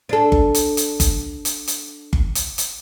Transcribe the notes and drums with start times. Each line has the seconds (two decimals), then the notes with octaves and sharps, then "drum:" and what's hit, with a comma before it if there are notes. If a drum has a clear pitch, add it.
0.09 D4 A4
0.32 drum: kick G1
0.55 drum: hi-hat
0.77 drum: hi-hat
1.00 drum: kick G1, hi-hat
1.45 drum: hi-hat
1.68 drum: hi-hat
2.13 drum: kick G1
2.35 drum: hi-hat
2.58 drum: hi-hat